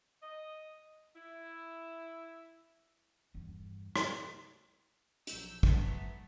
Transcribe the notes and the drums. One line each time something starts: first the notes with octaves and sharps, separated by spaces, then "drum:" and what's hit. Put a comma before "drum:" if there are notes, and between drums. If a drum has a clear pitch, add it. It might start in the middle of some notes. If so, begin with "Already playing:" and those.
D#5
E4
E2 G2
drum: rim click
A#1 F#3 E6 G6, drum: hi-hat
G#2 F#3 A3 B3, drum: kick